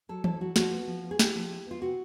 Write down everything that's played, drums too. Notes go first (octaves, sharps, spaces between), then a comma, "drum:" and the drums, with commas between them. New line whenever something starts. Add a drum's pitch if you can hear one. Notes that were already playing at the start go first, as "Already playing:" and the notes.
F#3 A4
E4 A4, drum: tom E3
F#3 F#4
F3 F#4, drum: snare
B3
F3
B3
G#4
E4 G4, drum: snare
F3
E4
B3 F4
C3 F#4